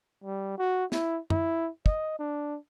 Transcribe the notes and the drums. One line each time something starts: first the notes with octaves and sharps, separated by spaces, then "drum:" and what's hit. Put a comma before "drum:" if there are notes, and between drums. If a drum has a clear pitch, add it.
G3
F#4
E4, drum: snare
E4, drum: tom
D#5, drum: kick
D4